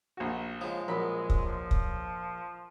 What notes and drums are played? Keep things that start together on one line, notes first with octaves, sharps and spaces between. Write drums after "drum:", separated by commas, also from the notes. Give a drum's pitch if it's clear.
A#1 F#4
C#3 F3 G#3
A#1 F#3 B5
drum: kick
F3
drum: kick